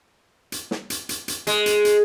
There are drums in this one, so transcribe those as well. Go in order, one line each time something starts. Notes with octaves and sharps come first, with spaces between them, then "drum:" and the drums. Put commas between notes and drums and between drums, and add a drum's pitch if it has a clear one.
drum: hi-hat
drum: snare
drum: hi-hat
drum: hi-hat
drum: hi-hat
G#3, drum: hi-hat
drum: hi-hat
drum: hi-hat